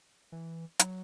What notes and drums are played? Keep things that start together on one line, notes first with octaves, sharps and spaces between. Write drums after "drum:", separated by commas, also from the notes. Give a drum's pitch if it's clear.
E3
F#3, drum: hi-hat